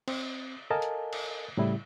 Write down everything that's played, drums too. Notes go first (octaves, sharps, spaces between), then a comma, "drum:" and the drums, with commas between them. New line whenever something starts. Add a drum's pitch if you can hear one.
C4, drum: cymbal
A4 A#4 D#5 F5 G#5 A5
drum: hi-hat
drum: cymbal
A2 C#3 G3 E4